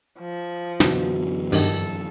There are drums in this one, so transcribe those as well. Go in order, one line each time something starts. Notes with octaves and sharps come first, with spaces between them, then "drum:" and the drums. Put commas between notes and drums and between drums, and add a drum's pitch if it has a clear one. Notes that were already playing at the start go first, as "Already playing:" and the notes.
F3
F#2 B2 D3 E3, drum: snare
G2 D#3 A4, drum: open hi-hat